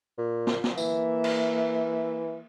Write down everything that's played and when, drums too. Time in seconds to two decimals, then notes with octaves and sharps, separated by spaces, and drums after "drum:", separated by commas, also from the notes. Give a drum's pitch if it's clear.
0.18 A#2
0.47 drum: snare
0.64 drum: snare
0.78 E3 A#3 E5, drum: tambourine
1.24 drum: cymbal